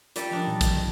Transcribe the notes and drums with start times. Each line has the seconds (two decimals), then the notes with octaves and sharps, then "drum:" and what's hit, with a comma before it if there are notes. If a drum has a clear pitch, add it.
0.16 G3 F4 G4 A4 A#4 D5, drum: hi-hat
0.31 F3 D4 D#4
0.47 A#2 E3 F#3
0.61 drum: kick, hi-hat
0.71 D#3